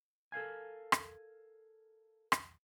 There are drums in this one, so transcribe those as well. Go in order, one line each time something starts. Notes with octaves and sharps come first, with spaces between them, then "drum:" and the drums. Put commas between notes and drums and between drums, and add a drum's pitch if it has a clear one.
A4 A#4 F5 G#5
drum: rim click
drum: rim click